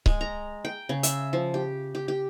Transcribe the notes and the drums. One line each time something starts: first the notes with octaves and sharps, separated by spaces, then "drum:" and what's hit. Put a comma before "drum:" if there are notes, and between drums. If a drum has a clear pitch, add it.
G#3, drum: kick C#1
A#5
G5
C#3
E5, drum: hi-hat
F3
G4
G4
G4